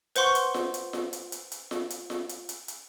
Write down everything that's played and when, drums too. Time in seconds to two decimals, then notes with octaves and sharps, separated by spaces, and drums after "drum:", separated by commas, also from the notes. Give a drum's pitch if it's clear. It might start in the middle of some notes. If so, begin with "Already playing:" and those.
0.15 B4 C5 F#5 C6 C#6, drum: hi-hat
0.35 drum: hi-hat
0.54 drum: snare F4
0.74 drum: hi-hat
0.93 drum: snare F4
1.13 drum: hi-hat
1.32 drum: hi-hat
1.52 drum: hi-hat
1.71 drum: snare F4
1.90 drum: hi-hat
2.10 drum: snare F4
2.29 drum: hi-hat
2.49 drum: hi-hat
2.68 drum: hi-hat